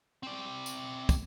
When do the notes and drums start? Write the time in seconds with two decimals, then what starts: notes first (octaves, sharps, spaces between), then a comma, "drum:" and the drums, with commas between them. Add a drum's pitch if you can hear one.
0.23 C4 D5
0.66 drum: tambourine
1.09 drum: kick, tambourine